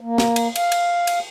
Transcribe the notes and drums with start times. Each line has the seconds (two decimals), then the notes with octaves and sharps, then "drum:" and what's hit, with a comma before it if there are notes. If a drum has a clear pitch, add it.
0.01 A#3
0.18 drum: snare
0.36 drum: cymbal
0.56 F5, drum: cymbal
0.72 drum: cymbal
1.07 drum: cymbal